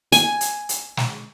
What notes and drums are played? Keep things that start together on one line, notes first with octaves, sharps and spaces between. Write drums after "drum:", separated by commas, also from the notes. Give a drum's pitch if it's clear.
G#5, drum: hi-hat
drum: hi-hat
drum: hi-hat
drum: snare